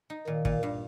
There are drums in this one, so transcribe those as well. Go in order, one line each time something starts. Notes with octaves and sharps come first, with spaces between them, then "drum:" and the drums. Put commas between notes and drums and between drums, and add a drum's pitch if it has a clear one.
D#4
A#2 D#3
A#2, drum: kick
G2